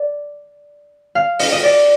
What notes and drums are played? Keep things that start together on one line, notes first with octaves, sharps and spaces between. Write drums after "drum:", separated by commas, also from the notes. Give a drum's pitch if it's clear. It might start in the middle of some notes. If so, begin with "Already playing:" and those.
Already playing: D5
F5
D#5, drum: open hi-hat
D#5
D5